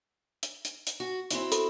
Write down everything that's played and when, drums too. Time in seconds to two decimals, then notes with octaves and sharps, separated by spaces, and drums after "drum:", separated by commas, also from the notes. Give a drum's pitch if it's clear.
0.43 drum: hi-hat
0.65 drum: hi-hat
0.87 drum: hi-hat
1.00 F#4
1.31 C4 E4 F#4, drum: hi-hat
1.52 A4 B5, drum: hi-hat